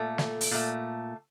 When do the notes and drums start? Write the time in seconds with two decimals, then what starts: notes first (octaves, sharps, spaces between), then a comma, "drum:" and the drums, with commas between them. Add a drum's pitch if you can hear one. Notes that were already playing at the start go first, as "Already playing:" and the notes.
Already playing: A#2 A3 A4
0.18 drum: snare
0.41 drum: open hi-hat
0.51 A#2 A3